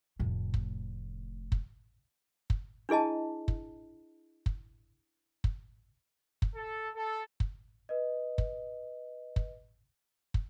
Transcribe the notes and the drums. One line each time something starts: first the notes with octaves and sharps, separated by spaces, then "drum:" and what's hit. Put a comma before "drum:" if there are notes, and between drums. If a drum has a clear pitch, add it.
F1 A2
drum: kick
drum: kick
drum: kick
D4 E4 G#4 D#5 A5
drum: kick
drum: kick
drum: kick
drum: kick
A4
A4
drum: kick
B4 D#5
drum: kick
drum: kick
drum: kick